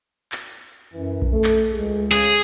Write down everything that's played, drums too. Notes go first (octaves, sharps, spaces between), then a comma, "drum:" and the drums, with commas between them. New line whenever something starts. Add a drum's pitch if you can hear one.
drum: clap
F#2 E3
drum: kick A#1
A3 A4
drum: clap
C#2 G#4
C#3 G#4, drum: clap